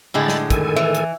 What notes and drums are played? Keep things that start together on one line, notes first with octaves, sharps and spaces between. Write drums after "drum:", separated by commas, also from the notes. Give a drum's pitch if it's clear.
A2 D3 G#3 B5 A6
drum: snare
D#3 A4 G#5, drum: kick, hi-hat
E3
drum: hi-hat